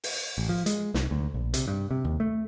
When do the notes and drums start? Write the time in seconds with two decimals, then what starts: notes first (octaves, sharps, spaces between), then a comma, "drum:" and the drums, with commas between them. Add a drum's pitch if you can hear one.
0.04 drum: open hi-hat
0.38 A1
0.49 F3
0.66 G#3, drum: hi-hat
0.94 C2, drum: snare
1.11 D2
1.34 A#1
1.54 C3, drum: hi-hat
1.68 G2
1.91 C3
2.05 D#2
2.20 A3